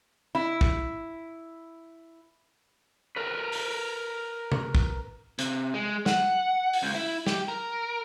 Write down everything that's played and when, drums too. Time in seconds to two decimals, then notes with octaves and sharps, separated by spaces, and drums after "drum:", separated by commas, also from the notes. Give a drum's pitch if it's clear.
0.35 E4 B5
0.61 drum: kick
3.16 A#4 B4
3.52 drum: open hi-hat
4.52 drum: tom C3
4.75 drum: kick
5.39 C3, drum: hi-hat
5.74 G#3
6.06 F#5, drum: snare
6.73 drum: open hi-hat
6.83 C#2
6.95 E4
7.27 G4, drum: snare
7.48 A#4